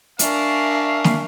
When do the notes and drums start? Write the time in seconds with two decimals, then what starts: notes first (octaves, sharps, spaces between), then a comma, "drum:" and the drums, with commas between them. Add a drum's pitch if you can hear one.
0.19 D4 A#4 E5 F5 G#5 C#6, drum: hi-hat
1.04 drum: snare